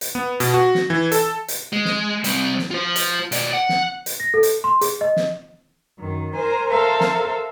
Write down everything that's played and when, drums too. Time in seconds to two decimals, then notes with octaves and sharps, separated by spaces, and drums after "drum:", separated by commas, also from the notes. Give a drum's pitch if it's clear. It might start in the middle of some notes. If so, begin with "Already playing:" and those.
0.01 drum: hi-hat
0.15 B3
0.40 B2, drum: hi-hat
0.54 F#4
0.75 drum: snare
0.90 E3
1.12 A4, drum: hi-hat
1.48 drum: hi-hat
1.73 G#3
1.85 drum: snare
2.24 G3 C4, drum: hi-hat
2.59 drum: snare
2.71 F4 C5
2.96 drum: hi-hat
3.32 B2 D5, drum: hi-hat
3.53 F#5
3.69 drum: snare
4.06 drum: hi-hat
4.20 A#6
4.34 A4
4.43 drum: hi-hat
4.64 C6
4.81 G#4, drum: hi-hat
5.01 D#5
5.16 drum: snare
5.98 F#2 D#3
6.34 A#4 C5 G#5
6.68 A4 A#4 C5 E5 F5 A#5
7.01 drum: snare